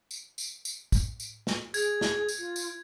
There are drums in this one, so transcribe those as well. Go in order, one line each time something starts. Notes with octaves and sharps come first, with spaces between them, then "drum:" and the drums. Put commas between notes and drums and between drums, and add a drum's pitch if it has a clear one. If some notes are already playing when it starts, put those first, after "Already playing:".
drum: tambourine
drum: tambourine
drum: tambourine
drum: kick, tambourine
drum: tambourine
drum: snare
G#4 G#6, drum: tambourine
drum: snare
drum: tambourine
F4
drum: tambourine